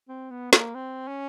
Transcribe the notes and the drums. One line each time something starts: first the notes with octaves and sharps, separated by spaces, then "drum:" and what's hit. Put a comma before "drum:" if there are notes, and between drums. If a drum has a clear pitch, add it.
C4
B3
A#3, drum: snare
C4
C#4